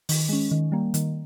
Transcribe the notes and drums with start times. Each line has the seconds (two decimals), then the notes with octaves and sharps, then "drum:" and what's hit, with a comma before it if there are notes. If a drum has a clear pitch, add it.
0.09 D#3, drum: open hi-hat
0.29 G#3 C#4
0.51 D#3
0.72 G3 A#3
0.94 D#3, drum: hi-hat